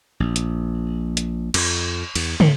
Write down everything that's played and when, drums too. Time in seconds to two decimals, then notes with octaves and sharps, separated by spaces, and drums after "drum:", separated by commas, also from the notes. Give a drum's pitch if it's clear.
0.20 A#1
0.36 drum: hi-hat
1.17 drum: hi-hat
1.54 F2, drum: cymbal
2.15 E2, drum: cymbal
2.40 A2, drum: tom